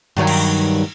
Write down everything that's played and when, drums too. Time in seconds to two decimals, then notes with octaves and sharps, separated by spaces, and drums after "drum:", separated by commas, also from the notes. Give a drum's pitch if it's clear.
0.17 G2 D#3 F#3
0.27 drum: cymbal